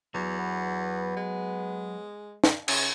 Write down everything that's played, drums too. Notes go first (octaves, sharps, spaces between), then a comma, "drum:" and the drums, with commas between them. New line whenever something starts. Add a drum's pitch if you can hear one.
E2 F#3
B3
G#3
drum: snare
C#3, drum: cymbal